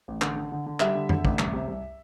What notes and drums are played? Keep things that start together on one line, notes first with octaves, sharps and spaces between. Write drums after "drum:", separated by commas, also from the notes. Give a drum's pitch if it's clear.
A1
D3, drum: clap
D3
D3
D3
G3 E5, drum: clap
D3
D3, drum: tom F2
A1, drum: kick
C2, drum: clap
C3
C2